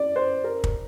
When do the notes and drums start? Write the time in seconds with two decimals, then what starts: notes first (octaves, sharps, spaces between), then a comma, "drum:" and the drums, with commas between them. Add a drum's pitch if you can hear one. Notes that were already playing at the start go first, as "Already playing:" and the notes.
Already playing: D5
0.16 C5
0.44 A#4
0.64 drum: kick